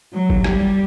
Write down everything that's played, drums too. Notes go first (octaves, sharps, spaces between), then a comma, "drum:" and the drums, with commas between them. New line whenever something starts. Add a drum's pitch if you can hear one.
F#3
drum: kick G1
G3, drum: rim click